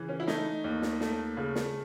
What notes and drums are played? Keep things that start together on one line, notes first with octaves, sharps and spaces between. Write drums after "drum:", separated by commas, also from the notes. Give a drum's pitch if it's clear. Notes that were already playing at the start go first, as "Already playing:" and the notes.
Already playing: C#3 E3
C#4
E4
A3 D#4, drum: snare
D#2
drum: snare
A3, drum: snare
C#3
drum: snare